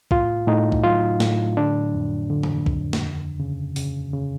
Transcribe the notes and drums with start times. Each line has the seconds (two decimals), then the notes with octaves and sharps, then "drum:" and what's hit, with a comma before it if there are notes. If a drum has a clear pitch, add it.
0.11 A2 F4, drum: kick
0.47 A2 D#4
0.72 drum: kick
0.83 F#3 F4
1.20 A2, drum: snare
1.57 D3 D4
1.94 F2
2.30 D3
2.43 drum: tom
2.66 F2, drum: kick
2.93 drum: snare
3.03 D#2
3.40 C#3
3.76 C#3, drum: open hi-hat
4.13 C#3